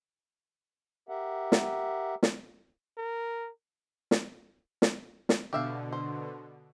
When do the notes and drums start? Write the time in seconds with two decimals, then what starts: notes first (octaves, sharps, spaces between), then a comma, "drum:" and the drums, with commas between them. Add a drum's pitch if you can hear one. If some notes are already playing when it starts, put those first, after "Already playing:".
1.09 G4 A#4 E5 F#5
1.52 drum: snare
2.23 drum: snare
2.98 A#4
4.11 drum: snare
4.82 drum: snare
5.29 drum: snare
5.53 B2 D3 G4 E5 F5
5.92 C5